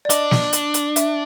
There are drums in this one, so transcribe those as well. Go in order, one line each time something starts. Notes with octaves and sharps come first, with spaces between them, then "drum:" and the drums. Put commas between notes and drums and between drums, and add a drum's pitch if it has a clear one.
D5
D4 D#5, drum: hi-hat
drum: snare
drum: hi-hat
drum: hi-hat
E5, drum: hi-hat